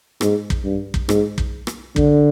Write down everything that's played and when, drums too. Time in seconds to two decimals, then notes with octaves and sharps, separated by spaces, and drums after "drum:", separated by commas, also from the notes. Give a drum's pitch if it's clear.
0.21 G#2, drum: rim click
0.50 drum: kick
0.64 G2
0.94 drum: kick
1.09 G#2, drum: rim click
1.38 drum: kick
1.67 drum: rim click
1.96 D3, drum: kick